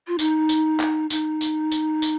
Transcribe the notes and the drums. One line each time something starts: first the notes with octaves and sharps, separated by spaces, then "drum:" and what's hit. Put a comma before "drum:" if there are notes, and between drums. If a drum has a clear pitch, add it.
F4
D#4, drum: tambourine
drum: tambourine
drum: clap
D#4, drum: tambourine
drum: tambourine
drum: tambourine
drum: tambourine